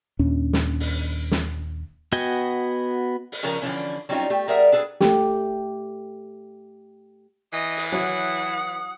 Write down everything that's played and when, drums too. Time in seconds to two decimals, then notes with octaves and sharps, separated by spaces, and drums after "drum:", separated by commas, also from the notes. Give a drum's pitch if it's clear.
0.19 D#2 A#2 C#4 D4
0.53 drum: snare
0.80 drum: open hi-hat
1.31 drum: snare
2.12 B3 F#4 D#5 G5 G#5
3.32 drum: open hi-hat
3.43 C#3 F3 C#4 A#4
3.62 D3 E3 F3 C#4
4.09 F#3 G3 C4 C#4 D#4 F4
4.30 A3 G4
4.48 G3 G#4 A#4 D5 E5 F#5
4.72 D4 G#4 A4 B4
5.01 A3 G4, drum: snare
7.53 E3 D#5
7.77 drum: open hi-hat
7.92 F#3 E4 C#5 F#5 D#6